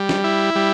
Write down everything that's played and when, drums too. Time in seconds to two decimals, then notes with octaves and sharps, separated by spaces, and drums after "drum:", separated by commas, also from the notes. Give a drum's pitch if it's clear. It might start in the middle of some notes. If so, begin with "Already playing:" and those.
Already playing: G3
0.09 drum: snare
0.24 E4
0.55 G3